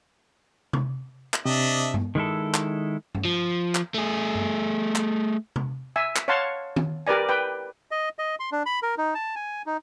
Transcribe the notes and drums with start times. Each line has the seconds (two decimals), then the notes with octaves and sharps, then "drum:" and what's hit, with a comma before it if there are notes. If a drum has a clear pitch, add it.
0.73 drum: tom C3
1.34 drum: clap
1.45 C3 D4 D#5 E5
1.94 drum: tom G2
2.15 D#3 G#3 E4 A4
2.54 drum: clap
3.15 drum: tom G2
3.25 F3
3.75 drum: clap
3.94 A3 G#4
4.35 drum: tom G2
4.95 drum: clap
5.56 drum: tom C3
5.96 E5 G#5 E6
6.16 drum: clap
6.28 C#5 F5 F#5 A5 C6
6.76 drum: tom
7.07 G4 A#4 B4 D5 G#5
7.29 B4 G5
7.91 D#5
8.19 D#5
8.40 C6
8.52 D4
8.66 B5
8.83 A#4
8.98 D#4
9.15 A5
9.36 G#5
9.66 D#4